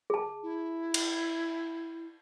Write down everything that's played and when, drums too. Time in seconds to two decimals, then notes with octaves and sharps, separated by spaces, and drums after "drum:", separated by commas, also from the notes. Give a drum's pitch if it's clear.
0.10 G#4 A5
0.43 E4
0.94 drum: cymbal